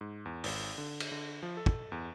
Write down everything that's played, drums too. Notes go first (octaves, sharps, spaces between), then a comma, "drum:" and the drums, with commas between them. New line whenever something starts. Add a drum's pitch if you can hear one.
G#2
E2
G#1, drum: open hi-hat
D3
drum: cymbal
D3
F3
A4
drum: kick
E2